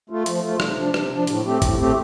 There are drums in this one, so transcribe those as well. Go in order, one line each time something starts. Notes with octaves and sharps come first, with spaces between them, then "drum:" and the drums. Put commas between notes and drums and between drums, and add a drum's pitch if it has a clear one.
A3 F4
F3, drum: hi-hat
A3 F4
C3, drum: rim click
F3 D4
C3, drum: rim click
F3 D4
A2, drum: hi-hat
A3 C4 G4
A2, drum: kick, hi-hat
A3 C4 G4